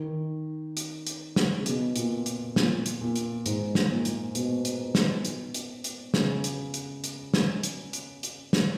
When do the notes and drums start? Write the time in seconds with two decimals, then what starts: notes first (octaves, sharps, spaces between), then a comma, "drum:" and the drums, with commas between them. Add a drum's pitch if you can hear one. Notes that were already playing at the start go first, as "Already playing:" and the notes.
Already playing: D#3
0.77 drum: hi-hat
1.07 drum: hi-hat
1.36 drum: snare
1.60 C#3
1.66 B2, drum: hi-hat
1.96 A#2, drum: hi-hat
2.26 drum: hi-hat
2.56 A#2, drum: snare
2.86 drum: hi-hat
3.01 A#2
3.16 drum: hi-hat
3.46 G#2, drum: hi-hat
3.75 drum: snare
3.90 A#2
4.05 drum: hi-hat
4.35 B2, drum: hi-hat
4.65 drum: hi-hat
4.95 drum: snare
5.25 drum: hi-hat
5.54 drum: hi-hat
5.84 drum: hi-hat
6.14 C#3, drum: snare
6.44 drum: hi-hat
6.74 drum: hi-hat
7.04 drum: hi-hat
7.34 drum: snare
7.63 drum: hi-hat
7.93 drum: hi-hat
8.23 drum: hi-hat
8.53 drum: snare